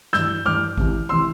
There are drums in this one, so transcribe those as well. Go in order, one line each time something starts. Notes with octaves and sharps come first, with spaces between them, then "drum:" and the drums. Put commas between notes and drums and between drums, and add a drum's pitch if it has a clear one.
G2 E3 E6 G6, drum: snare
G2 E3 D6 F6
C2 C3 E3, drum: kick G#1
C3 E3 C6 E6